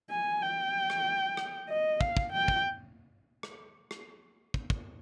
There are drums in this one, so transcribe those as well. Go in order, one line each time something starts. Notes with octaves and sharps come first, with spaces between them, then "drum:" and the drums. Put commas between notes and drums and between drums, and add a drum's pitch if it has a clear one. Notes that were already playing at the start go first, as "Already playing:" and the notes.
G#5
G5
drum: rim click
drum: rim click
D#5
F5, drum: kick
drum: kick
G5
drum: kick
drum: rim click
drum: rim click
drum: kick
drum: kick